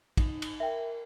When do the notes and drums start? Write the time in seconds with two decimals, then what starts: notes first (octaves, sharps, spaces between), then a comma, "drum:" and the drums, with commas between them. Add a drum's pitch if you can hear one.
0.17 D#4, drum: kick, cymbal
0.42 drum: cymbal
0.60 A#4 E5 G5